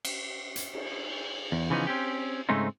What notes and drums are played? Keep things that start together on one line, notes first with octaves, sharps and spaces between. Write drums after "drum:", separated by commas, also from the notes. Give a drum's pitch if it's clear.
drum: cymbal
drum: hi-hat
drum: cymbal
E2
C#3 E3 F3 B3 D#4
C4 C#4 G4
G#2 C#3 G#3 A3 C4 D#4